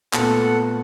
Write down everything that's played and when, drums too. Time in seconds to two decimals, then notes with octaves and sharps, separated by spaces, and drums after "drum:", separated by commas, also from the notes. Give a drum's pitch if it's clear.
0.13 A#2 A3 B3 A4 F#5, drum: clap